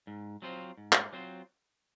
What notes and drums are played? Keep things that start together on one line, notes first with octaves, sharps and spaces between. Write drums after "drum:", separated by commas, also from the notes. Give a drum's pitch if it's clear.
G#2
F#3 C4 F4 C5
G#2
drum: clap
F#3 C4 F4 C5